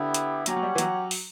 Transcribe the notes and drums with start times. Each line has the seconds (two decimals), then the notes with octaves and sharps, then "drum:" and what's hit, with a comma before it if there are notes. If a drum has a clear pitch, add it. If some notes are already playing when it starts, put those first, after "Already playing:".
Already playing: D3 B3 E4 G4
0.14 drum: hi-hat
0.46 F#3 C#4 G4 C#5 F#5, drum: hi-hat
0.56 F#3
0.63 G3
0.75 E3
0.78 F#3, drum: hi-hat
1.11 drum: open hi-hat